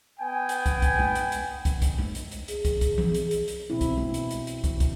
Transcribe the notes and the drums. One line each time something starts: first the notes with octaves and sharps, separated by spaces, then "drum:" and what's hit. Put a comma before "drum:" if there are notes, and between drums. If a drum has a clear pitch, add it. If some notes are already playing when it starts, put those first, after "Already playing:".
B3 G5 G#5
drum: hi-hat
drum: kick, hi-hat
drum: kick, hi-hat
drum: tom G#3
drum: hi-hat
drum: hi-hat
drum: kick, hi-hat
drum: kick, hi-hat
drum: tom G#3
drum: hi-hat
drum: hi-hat
G#4, drum: hi-hat
drum: kick, hi-hat
drum: kick, hi-hat
drum: tom E3
drum: hi-hat
drum: hi-hat
drum: hi-hat
B2 C4 E4
drum: kick, hi-hat
drum: tom G#3
drum: hi-hat
drum: hi-hat
drum: hi-hat
drum: kick, hi-hat
drum: kick, hi-hat